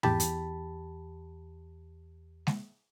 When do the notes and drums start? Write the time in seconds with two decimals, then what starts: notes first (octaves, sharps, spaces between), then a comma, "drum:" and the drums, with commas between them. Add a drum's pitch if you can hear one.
0.03 E2 G4 A5 B5, drum: tom G#2
0.20 drum: hi-hat
2.47 drum: snare G#3